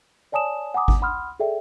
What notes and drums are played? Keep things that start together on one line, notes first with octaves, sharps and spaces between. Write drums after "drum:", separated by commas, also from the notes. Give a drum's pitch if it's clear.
C#5 D5 G#5 A5 D#6 E7
F#5 G#5 A#5 D6 D#6
drum: kick G#1
F#5 B5 C6 D#6 F6
G#4 A4 D5 E5 G5